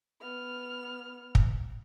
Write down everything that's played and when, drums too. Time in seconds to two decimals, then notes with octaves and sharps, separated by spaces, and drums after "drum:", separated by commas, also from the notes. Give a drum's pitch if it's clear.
0.21 B3 F6
1.35 drum: kick